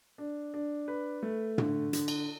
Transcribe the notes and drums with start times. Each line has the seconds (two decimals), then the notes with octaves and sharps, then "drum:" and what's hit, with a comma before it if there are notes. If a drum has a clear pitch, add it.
0.18 D4
0.54 D4
0.88 B4
1.23 A3
1.58 D3, drum: tom
1.93 D3, drum: hi-hat
2.08 drum: cymbal